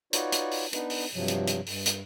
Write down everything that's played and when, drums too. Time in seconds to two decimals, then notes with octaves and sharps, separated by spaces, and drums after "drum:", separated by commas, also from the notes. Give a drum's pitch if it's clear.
0.13 D#4 F4 F#4 B4 C#5 D5, drum: hi-hat
0.32 drum: hi-hat
0.51 drum: open hi-hat
0.73 B3 D4 D#4 B4, drum: hi-hat
0.90 drum: open hi-hat
1.13 G2 C3 F3 F#3
1.28 drum: hi-hat
1.47 drum: hi-hat
1.66 G2, drum: open hi-hat
1.86 drum: hi-hat